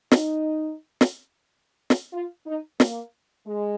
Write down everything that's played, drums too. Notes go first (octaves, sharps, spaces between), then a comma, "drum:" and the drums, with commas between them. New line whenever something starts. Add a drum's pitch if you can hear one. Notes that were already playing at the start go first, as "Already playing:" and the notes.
D#4, drum: snare
drum: snare
drum: snare
F4
D#4
A#3, drum: snare
G#3